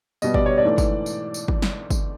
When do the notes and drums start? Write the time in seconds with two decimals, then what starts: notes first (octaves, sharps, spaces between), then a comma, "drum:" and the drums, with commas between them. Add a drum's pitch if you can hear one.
0.22 B2 G3 B3 D#5, drum: tambourine
0.34 D5, drum: kick
0.46 C#5
0.58 D4 D5
0.65 G#2 E3 A3
0.78 drum: kick, tambourine
1.06 drum: tambourine
1.34 drum: tambourine
1.48 drum: kick
1.62 drum: snare
1.90 drum: kick, tambourine